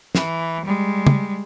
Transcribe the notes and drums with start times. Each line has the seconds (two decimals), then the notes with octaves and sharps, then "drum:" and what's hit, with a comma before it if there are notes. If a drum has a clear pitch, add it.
0.15 E3, drum: snare
0.65 G3 G#3
1.07 drum: tom